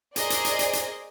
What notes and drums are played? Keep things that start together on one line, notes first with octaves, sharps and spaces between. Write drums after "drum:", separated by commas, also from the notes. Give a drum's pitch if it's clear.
G#4 A#4 C5 D5 D#5, drum: hi-hat
drum: hi-hat
drum: hi-hat
drum: hi-hat
drum: hi-hat